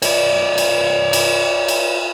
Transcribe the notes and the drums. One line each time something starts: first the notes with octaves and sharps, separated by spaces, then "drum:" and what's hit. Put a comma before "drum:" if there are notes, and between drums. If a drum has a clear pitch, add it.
C#5 D5, drum: cymbal
drum: cymbal
drum: cymbal
drum: cymbal